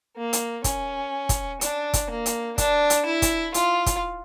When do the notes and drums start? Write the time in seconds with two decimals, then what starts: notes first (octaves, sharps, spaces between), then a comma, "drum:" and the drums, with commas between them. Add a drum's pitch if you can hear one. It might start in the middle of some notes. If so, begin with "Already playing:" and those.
0.17 A#3
0.33 drum: hi-hat
0.64 C#4, drum: kick, hi-hat
1.29 drum: kick, hi-hat
1.61 D4, drum: hi-hat
1.93 drum: kick, hi-hat
2.10 A#3
2.26 drum: hi-hat
2.58 D4, drum: kick, hi-hat
2.90 drum: hi-hat
3.06 E4
3.22 drum: kick, hi-hat
3.54 F4, drum: hi-hat
3.86 drum: kick, hi-hat